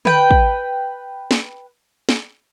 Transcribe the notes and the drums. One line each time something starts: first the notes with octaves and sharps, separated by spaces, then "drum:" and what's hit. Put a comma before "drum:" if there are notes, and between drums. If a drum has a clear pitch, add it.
B4 G5, drum: tom D3
drum: kick
drum: snare
drum: snare